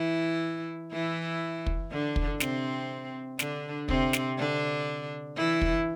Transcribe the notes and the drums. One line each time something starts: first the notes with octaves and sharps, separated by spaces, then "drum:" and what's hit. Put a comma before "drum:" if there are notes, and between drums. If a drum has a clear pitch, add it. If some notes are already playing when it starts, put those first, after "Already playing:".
Already playing: E3 E4
E3 E4
drum: kick
D3 D4
drum: kick
C3 C4, drum: snare
D3 D4, drum: snare
C3 C4, drum: kick
drum: snare
D3 D4
E3 E4
drum: kick